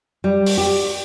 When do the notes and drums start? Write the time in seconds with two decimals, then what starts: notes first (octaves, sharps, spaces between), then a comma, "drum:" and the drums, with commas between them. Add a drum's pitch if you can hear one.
0.24 G3
0.46 drum: open hi-hat
0.58 G4